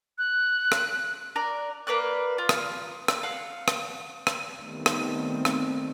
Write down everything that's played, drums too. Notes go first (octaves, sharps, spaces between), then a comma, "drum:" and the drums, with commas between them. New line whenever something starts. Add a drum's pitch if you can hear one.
F#6
drum: rim click
A#4 D5
A#3 B4 D5 F#6
F4
drum: rim click
drum: rim click
F5 F#5
drum: rim click
drum: rim click
D#3 G3 A3 B3 C4
drum: rim click
drum: rim click